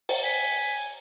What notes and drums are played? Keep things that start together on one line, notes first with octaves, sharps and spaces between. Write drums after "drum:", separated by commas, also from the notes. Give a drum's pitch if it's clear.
drum: open hi-hat
G#5 B6